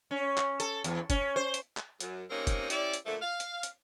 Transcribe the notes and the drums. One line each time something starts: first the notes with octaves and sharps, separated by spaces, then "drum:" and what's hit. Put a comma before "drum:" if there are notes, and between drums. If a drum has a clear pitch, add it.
C#4
drum: clap
A4, drum: hi-hat
E2, drum: hi-hat
C#4, drum: kick, hi-hat
C5
drum: hi-hat
drum: clap
F#2, drum: hi-hat
C3 A#3 C4 C#4 D#4 A#4
drum: kick, hi-hat
C#4 E4 G4 D5, drum: hi-hat
drum: hi-hat
A#2 D3 F3 A3
F5
drum: hi-hat
drum: hi-hat